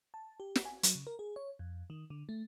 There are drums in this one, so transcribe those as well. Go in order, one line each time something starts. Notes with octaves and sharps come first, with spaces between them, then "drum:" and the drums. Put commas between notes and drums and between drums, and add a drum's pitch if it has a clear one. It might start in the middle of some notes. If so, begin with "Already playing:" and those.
A5
G4
drum: snare
G#5
F#3, drum: hi-hat
C#3
A#4
G#4
C#5
F2
D#3
D3
A3